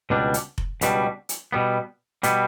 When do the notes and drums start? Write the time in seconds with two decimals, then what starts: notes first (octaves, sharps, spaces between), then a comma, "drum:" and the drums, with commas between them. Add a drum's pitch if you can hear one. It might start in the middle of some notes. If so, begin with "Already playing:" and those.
0.10 C#2 B2 G3 D4
0.34 drum: hi-hat
0.58 drum: kick F1
0.81 C#2 B2 G3 D4, drum: hi-hat
1.29 drum: hi-hat
1.52 B2 G3 B3
2.23 B2 G3 B3, drum: hi-hat